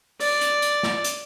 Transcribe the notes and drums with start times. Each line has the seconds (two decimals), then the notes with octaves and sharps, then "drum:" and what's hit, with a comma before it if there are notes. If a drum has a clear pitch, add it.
0.20 D5, drum: open hi-hat
0.41 drum: hi-hat
0.62 drum: hi-hat
0.83 drum: snare
1.04 drum: hi-hat